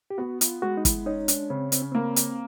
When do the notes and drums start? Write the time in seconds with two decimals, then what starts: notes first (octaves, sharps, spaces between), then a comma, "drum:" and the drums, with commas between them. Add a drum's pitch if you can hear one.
0.10 G4
0.18 B3 F#4
0.41 F4, drum: hi-hat
0.62 G#3 F#4
0.77 D#4
0.85 E4, drum: kick F#1, hi-hat
1.06 C#4 D#4
1.28 D4, drum: hi-hat
1.50 C#3 C4
1.72 C4, drum: hi-hat
1.82 C#4
1.92 A#3 C4
2.16 drum: hi-hat